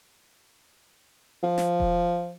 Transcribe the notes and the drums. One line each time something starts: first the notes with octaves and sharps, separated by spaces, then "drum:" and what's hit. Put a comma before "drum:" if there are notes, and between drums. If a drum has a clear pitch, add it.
F3
drum: snare
drum: kick E1